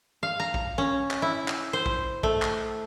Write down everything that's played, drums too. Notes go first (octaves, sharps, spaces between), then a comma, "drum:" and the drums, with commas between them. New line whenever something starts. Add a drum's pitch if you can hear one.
F5
A#5
drum: kick
C#4
drum: clap
E4
drum: clap
C5
drum: kick
A3, drum: kick
drum: clap